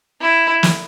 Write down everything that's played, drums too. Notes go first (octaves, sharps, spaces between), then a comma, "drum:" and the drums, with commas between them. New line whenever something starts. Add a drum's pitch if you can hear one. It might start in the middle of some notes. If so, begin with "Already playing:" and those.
E4
drum: snare